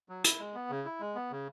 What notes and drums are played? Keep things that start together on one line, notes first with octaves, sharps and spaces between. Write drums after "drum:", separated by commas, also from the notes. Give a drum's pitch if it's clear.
F#3
E4, drum: hi-hat
G#3
B3
C#3
E4
G#3
B3
C#3